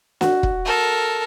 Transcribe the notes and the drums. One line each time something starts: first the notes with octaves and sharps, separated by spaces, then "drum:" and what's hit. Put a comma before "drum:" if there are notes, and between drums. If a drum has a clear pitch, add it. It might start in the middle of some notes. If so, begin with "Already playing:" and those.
F#4, drum: snare
drum: kick
A4 A#4